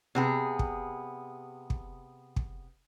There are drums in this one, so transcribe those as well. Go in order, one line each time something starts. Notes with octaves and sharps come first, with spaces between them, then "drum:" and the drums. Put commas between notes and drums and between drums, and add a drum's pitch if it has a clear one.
C3 B3 G#4
drum: kick
drum: kick
drum: kick